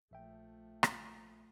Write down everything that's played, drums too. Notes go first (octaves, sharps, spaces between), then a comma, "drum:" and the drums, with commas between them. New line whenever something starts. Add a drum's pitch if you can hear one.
A#1 F3 A3 E5 G5
drum: rim click